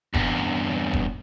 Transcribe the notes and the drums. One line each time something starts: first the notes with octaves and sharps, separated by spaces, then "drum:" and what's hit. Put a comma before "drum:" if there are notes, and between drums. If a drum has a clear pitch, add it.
E2 G2, drum: kick F1
drum: kick F1